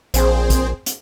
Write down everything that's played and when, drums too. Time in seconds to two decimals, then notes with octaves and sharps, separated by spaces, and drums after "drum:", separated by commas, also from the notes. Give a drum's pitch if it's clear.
0.14 A#1 C4 G#4 C5, drum: hi-hat
0.50 drum: kick A1, hi-hat
0.86 drum: hi-hat